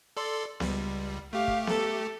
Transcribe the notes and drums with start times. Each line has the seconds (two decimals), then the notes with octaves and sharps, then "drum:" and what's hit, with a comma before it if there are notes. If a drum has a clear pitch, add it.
0.17 A4 D5 C6
0.60 C#2 G3, drum: snare B3
1.33 A3 G4 F5
1.48 drum: kick
1.67 A4, drum: snare B3